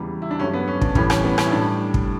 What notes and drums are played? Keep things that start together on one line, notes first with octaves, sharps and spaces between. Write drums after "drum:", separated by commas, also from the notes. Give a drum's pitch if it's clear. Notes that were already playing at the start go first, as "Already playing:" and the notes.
Already playing: E2 C#3 E3 G3
E4
D4
G2 F#3 A3 C#4
B3
C#4
D4, drum: kick
A2 E3 G3 C#4, drum: kick
C#4, drum: rim click
B3
C#4, drum: rim click
E4
A2 G3 D4
drum: kick